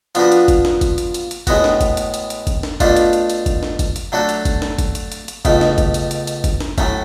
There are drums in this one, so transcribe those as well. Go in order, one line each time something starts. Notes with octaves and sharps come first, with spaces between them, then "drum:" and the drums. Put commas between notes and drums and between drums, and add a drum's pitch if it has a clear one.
F3 B3 D4 F#4 B4, drum: hi-hat
drum: hi-hat
drum: kick G1, hi-hat
drum: snare
drum: kick G1, hi-hat
drum: hi-hat
drum: hi-hat
drum: hi-hat
A2 G#3 B3 F#4, drum: kick G1, hi-hat
drum: snare
drum: kick G1, hi-hat
drum: hi-hat
drum: hi-hat
drum: hi-hat
drum: kick G1, hi-hat
drum: snare
B2 A3 D4 F4, drum: kick G1, hi-hat
drum: hi-hat
drum: hi-hat
drum: hi-hat
drum: kick G1, hi-hat
drum: snare
drum: kick G1, hi-hat
drum: hi-hat
F#3 A3 D4 F#4 A4
drum: hi-hat
drum: kick G1, hi-hat
drum: snare
drum: kick G1, hi-hat
drum: hi-hat
drum: hi-hat
drum: hi-hat
C#2 B2 A3, drum: kick G1, hi-hat
drum: snare
drum: kick G1, hi-hat
drum: hi-hat
drum: hi-hat
drum: hi-hat
drum: kick G1, hi-hat
drum: snare
A2 F#3 A3 C#4, drum: kick G1, hi-hat